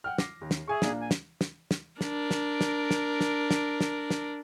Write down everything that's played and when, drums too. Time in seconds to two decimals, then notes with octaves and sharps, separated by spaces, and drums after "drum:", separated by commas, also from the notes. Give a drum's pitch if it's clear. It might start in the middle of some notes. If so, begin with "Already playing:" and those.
0.04 F#5 G5 F6
0.18 D6 A#6 C7, drum: snare
0.41 D#2
0.51 drum: snare
0.68 G#4 E5 G#5 C#6
0.82 A#1 A#3 D4, drum: snare
1.00 G#5
1.11 drum: snare
1.41 drum: snare
1.71 drum: snare
2.01 D4 A#4, drum: snare
2.31 drum: snare
2.61 drum: snare
2.91 drum: snare
3.21 drum: snare
3.51 drum: snare
3.81 drum: snare
4.11 drum: snare